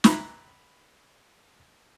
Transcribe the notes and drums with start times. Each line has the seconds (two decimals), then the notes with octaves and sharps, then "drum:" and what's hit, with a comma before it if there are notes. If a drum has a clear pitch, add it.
0.04 A#5 B5, drum: snare